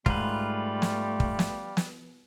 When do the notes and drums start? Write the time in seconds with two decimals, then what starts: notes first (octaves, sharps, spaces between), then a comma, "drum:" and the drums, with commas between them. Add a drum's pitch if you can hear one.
0.06 G#2 G3 A3 F4 B4, drum: kick
0.82 drum: snare
1.20 drum: kick
1.39 drum: snare
1.77 drum: snare